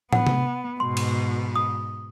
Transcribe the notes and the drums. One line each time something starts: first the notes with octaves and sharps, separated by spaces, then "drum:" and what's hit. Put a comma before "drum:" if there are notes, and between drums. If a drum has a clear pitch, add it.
B3 F#5, drum: tom
drum: tom C3
G#2 B2 C6
drum: cymbal
D#6